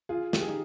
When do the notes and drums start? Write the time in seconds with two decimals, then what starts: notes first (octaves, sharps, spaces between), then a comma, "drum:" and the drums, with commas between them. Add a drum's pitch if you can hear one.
0.09 F4 G#4
0.33 G4, drum: snare
0.41 G#4
0.48 D#4 G4